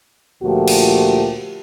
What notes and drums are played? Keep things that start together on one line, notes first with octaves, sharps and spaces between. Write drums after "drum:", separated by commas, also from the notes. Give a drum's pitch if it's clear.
D2 A#2 F3 A3 F#4 G4
drum: cymbal